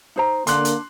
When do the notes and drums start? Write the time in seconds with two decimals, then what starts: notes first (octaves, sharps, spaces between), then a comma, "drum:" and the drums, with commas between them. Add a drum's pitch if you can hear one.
0.16 D#4 C5 A#5
0.47 D3 A#3 D4 C6 F#6, drum: hi-hat
0.65 drum: hi-hat